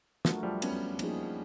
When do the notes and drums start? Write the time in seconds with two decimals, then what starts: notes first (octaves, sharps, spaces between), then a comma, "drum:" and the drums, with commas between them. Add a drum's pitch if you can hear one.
0.25 F3 F#3 A3 D4 F#4 A#4, drum: snare
0.43 F3 G3
0.62 B3 C#4, drum: cymbal
0.99 F3 A#3 D#4 G#4, drum: cymbal